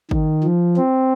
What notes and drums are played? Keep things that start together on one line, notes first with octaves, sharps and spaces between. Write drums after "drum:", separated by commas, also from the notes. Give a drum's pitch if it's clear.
D#3, drum: kick G#1
F3
C4